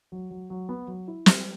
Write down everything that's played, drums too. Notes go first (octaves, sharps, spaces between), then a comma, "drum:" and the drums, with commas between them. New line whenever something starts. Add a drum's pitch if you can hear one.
F#3
F#3
F#3
B3
F#3
E4
G3, drum: snare